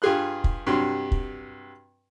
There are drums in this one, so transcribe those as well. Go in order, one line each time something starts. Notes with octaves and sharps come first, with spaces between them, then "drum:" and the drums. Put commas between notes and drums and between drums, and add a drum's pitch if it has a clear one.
G2 F4 G4 G#4 C6 F#6
drum: kick
G2 C3 F#3 C6
drum: kick